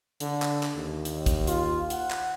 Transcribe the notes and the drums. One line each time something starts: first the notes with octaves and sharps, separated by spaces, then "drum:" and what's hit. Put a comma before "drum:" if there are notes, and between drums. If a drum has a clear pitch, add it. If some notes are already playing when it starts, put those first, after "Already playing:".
D3, drum: hi-hat
drum: clap
drum: clap
D#2
drum: hi-hat
drum: kick, hi-hat
F4, drum: hi-hat
F#5, drum: hi-hat
drum: clap